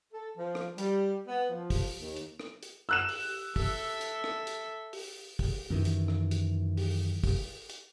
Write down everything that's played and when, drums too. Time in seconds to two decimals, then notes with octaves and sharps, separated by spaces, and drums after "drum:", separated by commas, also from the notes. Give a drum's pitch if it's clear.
0.13 A4
0.38 F3
0.55 drum: rim click
0.78 G3, drum: hi-hat
1.28 B3
1.50 F3
1.70 drum: kick, open hi-hat
1.98 D#2
2.16 drum: hi-hat
2.40 drum: rim click
2.63 drum: hi-hat
2.89 E6 F#6 E7
3.09 drum: open hi-hat
3.56 A4 E5, drum: kick, open hi-hat
4.01 drum: hi-hat
4.24 drum: rim click
4.47 drum: hi-hat
4.93 drum: open hi-hat
5.39 drum: kick, open hi-hat
5.70 F#2 D#3 E3
5.85 drum: hi-hat
6.08 drum: rim click
6.31 drum: hi-hat
6.77 drum: open hi-hat
7.24 drum: kick, open hi-hat
7.70 drum: hi-hat